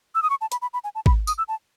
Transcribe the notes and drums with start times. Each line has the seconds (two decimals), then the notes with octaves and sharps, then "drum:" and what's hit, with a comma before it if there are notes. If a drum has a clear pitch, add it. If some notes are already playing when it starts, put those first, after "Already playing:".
0.15 E6
0.23 D#6
0.30 C#6
0.41 A5
0.52 B5, drum: hi-hat
0.62 B5
0.73 B5
0.84 G#5
0.95 A5
1.06 B5, drum: kick
1.27 D#6, drum: tambourine
1.38 E6
1.48 A5